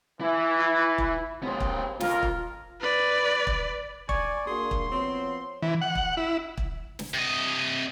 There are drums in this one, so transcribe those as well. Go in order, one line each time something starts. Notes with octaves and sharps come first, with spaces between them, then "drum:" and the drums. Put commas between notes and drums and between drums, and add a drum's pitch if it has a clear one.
E3 E4
drum: kick
D#2 G#2 B3 C5
drum: kick
F2 F4 A#4, drum: snare
drum: kick
B4 D5
drum: kick
D5 G#5 C#6, drum: kick
A#3 D4 F#4 G#4 C6
drum: kick
F3 B3 C4 C#5
E3
F#5
drum: kick
E4
drum: kick
drum: snare
C3 D#5